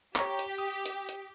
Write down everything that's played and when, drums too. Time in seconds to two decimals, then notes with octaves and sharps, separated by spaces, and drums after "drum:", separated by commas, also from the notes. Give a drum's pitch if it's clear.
0.16 G4 C#5 A#5 C#6, drum: clap
0.39 drum: hi-hat
0.58 D#6
0.86 drum: hi-hat
1.09 drum: hi-hat